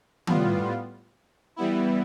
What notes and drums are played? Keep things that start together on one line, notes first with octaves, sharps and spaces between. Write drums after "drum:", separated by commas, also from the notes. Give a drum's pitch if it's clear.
A2 G3 B3 F4, drum: tom D#3
E3 G3 B3 E4